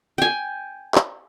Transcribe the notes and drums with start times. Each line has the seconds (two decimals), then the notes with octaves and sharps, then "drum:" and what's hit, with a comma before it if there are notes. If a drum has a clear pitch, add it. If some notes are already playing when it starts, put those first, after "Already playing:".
0.18 G5 G#5
0.95 drum: clap